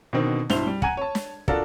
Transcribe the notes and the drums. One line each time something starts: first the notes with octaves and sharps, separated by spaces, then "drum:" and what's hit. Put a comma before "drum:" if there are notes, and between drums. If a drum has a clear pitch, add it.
B2 D3 D#3 C4
B1 G2 E4 C5 F7 G7, drum: snare
G3
F#5 G#5 A#5 G#6 D#7, drum: kick
C#5 A5
drum: snare
D4 F4 F#4 A4 A#4, drum: kick